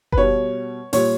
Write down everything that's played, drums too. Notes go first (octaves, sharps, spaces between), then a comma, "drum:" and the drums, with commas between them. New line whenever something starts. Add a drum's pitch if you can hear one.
B4, drum: kick F#1
B2 G3 C#5
A#2 G3 C#5, drum: open hi-hat